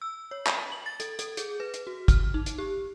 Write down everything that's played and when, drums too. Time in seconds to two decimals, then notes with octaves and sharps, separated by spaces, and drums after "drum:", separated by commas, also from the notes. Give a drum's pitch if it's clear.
0.02 E6
0.31 C#5
0.47 drum: clap
0.72 F#7
0.86 A6
1.00 A4, drum: hi-hat
1.19 A4, drum: hi-hat
1.37 G#4, drum: hi-hat
1.60 B4
1.74 drum: hi-hat
1.87 F#4
2.08 F6, drum: kick, hi-hat
2.34 D#4
2.46 drum: hi-hat
2.58 G4